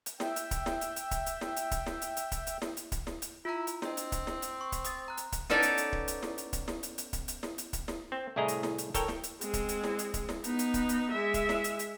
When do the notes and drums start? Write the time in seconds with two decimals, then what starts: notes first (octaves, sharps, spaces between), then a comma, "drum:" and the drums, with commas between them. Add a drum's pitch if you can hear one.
0.06 drum: hi-hat
0.20 E5 G5, drum: snare
0.36 drum: hi-hat
0.51 drum: kick D1, hi-hat
0.66 drum: snare
0.81 drum: hi-hat
0.96 drum: hi-hat
1.11 drum: kick D1, hi-hat
1.26 drum: hi-hat
1.41 drum: snare
1.56 drum: hi-hat
1.71 drum: kick D1, hi-hat
1.86 drum: snare
2.02 drum: hi-hat
2.17 drum: hi-hat
2.32 drum: kick D1, hi-hat
2.47 drum: hi-hat
2.62 drum: snare
2.77 drum: hi-hat
2.92 drum: kick D1, hi-hat
3.07 drum: snare
3.22 drum: hi-hat
3.45 E4 F4 A#5
3.67 drum: hi-hat
3.82 C4 D4 D#5, drum: snare
3.97 drum: hi-hat
4.12 drum: kick D1, hi-hat
4.27 drum: snare
4.42 drum: hi-hat
4.61 C#6
4.72 drum: kick D1, hi-hat
4.84 D#6 A6, drum: hi-hat
5.08 A#5 F#6
5.17 drum: hi-hat
5.32 drum: kick D1, hi-hat
5.50 B3 C#4 D#4 A4 C#5 D5, drum: snare
5.62 drum: hi-hat
5.78 drum: hi-hat
5.93 drum: kick D1
6.08 drum: hi-hat
6.23 drum: snare
6.38 drum: hi-hat
6.53 drum: kick D1, hi-hat
6.68 drum: snare
6.83 drum: hi-hat
6.98 drum: hi-hat
7.13 drum: kick D1, hi-hat
7.28 drum: hi-hat
7.43 drum: snare
7.58 drum: hi-hat
7.73 drum: kick D1, hi-hat
7.88 drum: snare
8.12 C4
8.36 C2 A2 E4 G#4 D#5 A#5
8.48 drum: hi-hat
8.63 drum: snare
8.78 drum: hi-hat
8.94 A4 A#4 C#5 G5, drum: kick D1, hi-hat
9.08 drum: snare
9.23 drum: hi-hat
9.41 G#3 C4, drum: hi-hat
9.54 drum: kick D1, hi-hat
9.69 drum: hi-hat
9.84 drum: snare
9.99 drum: hi-hat
10.14 drum: kick D1, hi-hat
10.29 drum: snare
10.44 B3 D#4, drum: hi-hat
10.59 drum: hi-hat
10.74 drum: kick D1, hi-hat
10.89 drum: hi-hat
11.11 G#3 E5
11.34 drum: kick D1, hi-hat
11.49 drum: snare
11.64 drum: hi-hat
11.79 drum: hi-hat